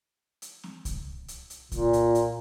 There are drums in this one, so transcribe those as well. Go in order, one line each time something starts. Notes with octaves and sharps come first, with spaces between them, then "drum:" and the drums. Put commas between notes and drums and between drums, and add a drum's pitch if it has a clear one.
drum: hi-hat
drum: snare C4
drum: kick C2, hi-hat
drum: hi-hat
drum: hi-hat
A#2, drum: kick C2, hi-hat
drum: hi-hat
drum: hi-hat